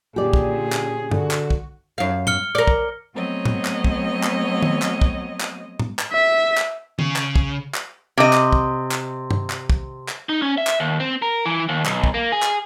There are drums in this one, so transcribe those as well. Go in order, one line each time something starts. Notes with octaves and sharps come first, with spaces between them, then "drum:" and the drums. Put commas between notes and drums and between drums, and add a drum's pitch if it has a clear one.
A#2 D3 C#4 G4 G#4 D5
drum: kick
drum: clap
D3 F#4, drum: tom G2
drum: clap
drum: kick
F#2 F5
F6 C#7 G7, drum: tom A2
A#4 D5
drum: kick
F#3 A3 B3 C4 C#5 D#5
drum: tom A2
drum: clap
drum: kick
drum: clap
drum: tom D#3
drum: clap
drum: kick
drum: clap
drum: tom A2
drum: clap
E5 B6
drum: clap
C#3, drum: tom D#3
drum: clap
drum: kick
drum: clap
C3 D#5
drum: clap
drum: kick
drum: clap
drum: tom G2
drum: clap
drum: kick
drum: clap
D#4
C#4
E5
drum: clap
D#2
C4
A#4
E3
D#2
B1, drum: clap
drum: kick
A#3
G#4
drum: clap